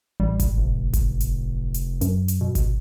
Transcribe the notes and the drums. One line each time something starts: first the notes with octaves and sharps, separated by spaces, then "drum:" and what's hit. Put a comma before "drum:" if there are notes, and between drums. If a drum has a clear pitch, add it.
A1 G3
drum: kick G#1, hi-hat
F1
drum: kick G#1, hi-hat
drum: hi-hat
drum: hi-hat
F#2, drum: hi-hat
drum: hi-hat
B2
drum: kick G#1, hi-hat